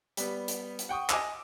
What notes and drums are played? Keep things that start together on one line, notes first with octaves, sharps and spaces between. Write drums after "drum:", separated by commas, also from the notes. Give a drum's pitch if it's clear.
G3 B3, drum: hi-hat
drum: hi-hat
drum: hi-hat
F#5 G5 C#6 D#6
D#5 G#5 D6 E6, drum: clap